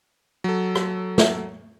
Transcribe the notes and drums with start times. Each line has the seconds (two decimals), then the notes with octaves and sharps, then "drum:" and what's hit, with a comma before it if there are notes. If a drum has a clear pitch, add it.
0.44 F#3 A4
0.75 drum: rim click
1.18 drum: snare